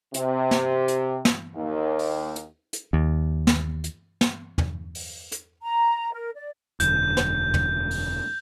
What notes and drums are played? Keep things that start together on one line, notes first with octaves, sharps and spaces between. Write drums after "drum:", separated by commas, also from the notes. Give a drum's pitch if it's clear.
C3, drum: hi-hat
drum: snare
drum: hi-hat
drum: snare
D#2
drum: open hi-hat
drum: hi-hat
drum: hi-hat
D#2
drum: snare
drum: hi-hat
drum: snare
drum: tom E2
drum: open hi-hat
drum: hi-hat
A#5
A#4
D5
E1 F#2 D3 G6, drum: hi-hat
drum: snare
drum: tom E2
drum: open hi-hat